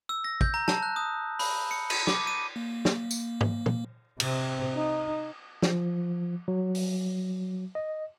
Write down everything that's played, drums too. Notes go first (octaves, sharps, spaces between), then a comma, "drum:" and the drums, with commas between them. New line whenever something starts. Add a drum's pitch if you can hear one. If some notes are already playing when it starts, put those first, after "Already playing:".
E6
A#6
G6, drum: kick
A#5
A5, drum: snare
F#6
D#6
B5, drum: open hi-hat
C#7
D#7, drum: cymbal
D6, drum: snare
D#7
A#3
drum: snare
drum: tambourine
drum: tom G#2
drum: tom
C3 C4, drum: cymbal
D#4
F3, drum: snare
F#3
drum: open hi-hat
D#5